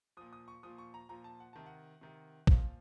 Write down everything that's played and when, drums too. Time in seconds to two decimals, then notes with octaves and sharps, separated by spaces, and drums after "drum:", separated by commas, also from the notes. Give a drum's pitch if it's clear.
0.17 A#2 F3 D#6
0.33 D#6
0.48 C#6
0.63 A#2 F3 D#6
0.78 C#6
0.94 A#5
1.09 A#2 F3 A#5
1.24 A5
1.40 F#5
1.53 C3 D#3 A5
1.66 F#5
2.01 C3 D#3
2.47 A#2 F3 F5, drum: kick